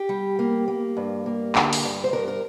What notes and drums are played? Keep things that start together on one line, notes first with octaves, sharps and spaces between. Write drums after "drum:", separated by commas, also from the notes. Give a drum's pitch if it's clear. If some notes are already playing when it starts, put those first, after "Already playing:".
Already playing: G4
G3
A#3
A#3
G2
A#3
D3, drum: clap
drum: open hi-hat
G2
C5
G2 A#4
A#4